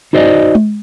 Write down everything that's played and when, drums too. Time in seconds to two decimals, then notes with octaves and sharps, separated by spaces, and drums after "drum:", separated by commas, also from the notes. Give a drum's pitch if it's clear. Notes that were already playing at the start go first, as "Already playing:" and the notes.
0.13 D#4 F#4 C5 D5 D#5
0.55 drum: tom G#3